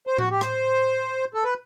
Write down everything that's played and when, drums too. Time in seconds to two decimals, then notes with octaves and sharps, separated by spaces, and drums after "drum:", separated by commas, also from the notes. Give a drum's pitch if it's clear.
0.07 C5
0.18 F#4, drum: tom A2
0.31 G4
0.41 C5, drum: rim click
1.34 A4
1.44 B4